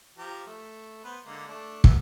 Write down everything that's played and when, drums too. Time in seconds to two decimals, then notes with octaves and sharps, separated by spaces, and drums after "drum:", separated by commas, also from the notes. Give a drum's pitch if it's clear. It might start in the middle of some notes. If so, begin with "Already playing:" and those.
0.18 F3 G4 A#5
0.46 A3
1.04 B3 B4 C5
1.26 D3 G#3 A#3
1.48 A3 D4
1.84 B3 A#4 E5, drum: kick